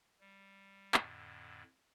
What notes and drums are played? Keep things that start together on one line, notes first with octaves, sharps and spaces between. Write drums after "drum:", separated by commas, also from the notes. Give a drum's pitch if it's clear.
G3
F2 A2 D3, drum: clap